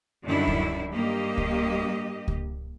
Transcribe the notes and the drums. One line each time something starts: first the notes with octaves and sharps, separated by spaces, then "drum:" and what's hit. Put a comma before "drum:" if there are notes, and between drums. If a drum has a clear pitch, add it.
F#2 D3 D#3 G3 D4 E4
drum: kick C#2
G2 A#3 G4 D#5
drum: kick C#2
drum: kick C#2